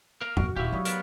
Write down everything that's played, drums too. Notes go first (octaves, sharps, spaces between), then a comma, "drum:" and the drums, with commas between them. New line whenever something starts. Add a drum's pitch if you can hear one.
A#4 F5
D1 F#2 F#4, drum: tom E2
D#1 E4 F#4 G4 C5 F5
F#3 G3 D#4 C#5 D#6
B3 A#4, drum: hi-hat